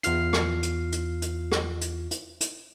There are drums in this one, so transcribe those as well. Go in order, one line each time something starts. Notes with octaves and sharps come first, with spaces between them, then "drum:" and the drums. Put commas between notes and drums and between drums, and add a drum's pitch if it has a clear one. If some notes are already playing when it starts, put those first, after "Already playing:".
E2 F4 F6 C7, drum: hi-hat
drum: rim click
drum: hi-hat
drum: hi-hat
drum: hi-hat
drum: rim click
drum: hi-hat
drum: hi-hat
drum: hi-hat